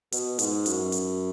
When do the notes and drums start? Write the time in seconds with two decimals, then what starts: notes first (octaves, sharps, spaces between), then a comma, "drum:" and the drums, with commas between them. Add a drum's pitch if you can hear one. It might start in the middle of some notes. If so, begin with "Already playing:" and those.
0.12 B2, drum: hi-hat
0.39 G#2, drum: hi-hat
0.66 F#2, drum: hi-hat
0.92 drum: hi-hat